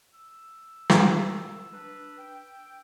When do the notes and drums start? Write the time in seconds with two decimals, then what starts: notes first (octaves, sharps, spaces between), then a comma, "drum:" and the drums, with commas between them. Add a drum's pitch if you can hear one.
0.14 E6
0.89 drum: snare
1.73 D4 B4
2.17 G5